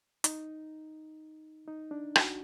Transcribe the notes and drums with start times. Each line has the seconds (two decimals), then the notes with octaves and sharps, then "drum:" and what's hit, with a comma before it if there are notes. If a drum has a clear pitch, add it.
0.24 D#4, drum: hi-hat
1.68 D#4
1.91 D4
2.16 F#4, drum: rim click